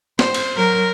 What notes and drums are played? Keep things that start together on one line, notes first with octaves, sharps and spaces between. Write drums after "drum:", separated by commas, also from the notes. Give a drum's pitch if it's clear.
C5, drum: snare
drum: cymbal
F#3 A#4